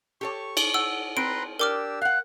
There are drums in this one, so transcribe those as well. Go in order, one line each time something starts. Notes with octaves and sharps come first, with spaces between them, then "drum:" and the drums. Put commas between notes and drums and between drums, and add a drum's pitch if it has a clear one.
G4 A4 C#5 C#6
drum: cymbal
F#5 E6
C4 B4 A#5 C6 D7
D4 G4 A#4 D6 E6 F6
F5 F#5 F#6